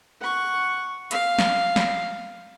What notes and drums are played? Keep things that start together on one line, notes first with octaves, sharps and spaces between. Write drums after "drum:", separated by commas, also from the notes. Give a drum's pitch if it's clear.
F#5 C#6
F5, drum: hi-hat
drum: snare
drum: snare